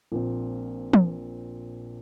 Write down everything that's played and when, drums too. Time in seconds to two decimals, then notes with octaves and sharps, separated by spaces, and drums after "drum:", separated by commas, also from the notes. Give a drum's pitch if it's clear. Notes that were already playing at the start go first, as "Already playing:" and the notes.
0.12 A#1 A#2 F3 C4
0.93 drum: tom